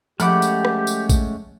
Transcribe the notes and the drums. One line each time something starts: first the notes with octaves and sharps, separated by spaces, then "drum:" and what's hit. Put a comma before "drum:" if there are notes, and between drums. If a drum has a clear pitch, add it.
F3 G#3 A3 C#4 G4 F#5 B5 D6, drum: tambourine
drum: tambourine
drum: rim click
drum: tambourine
drum: kick A1, tambourine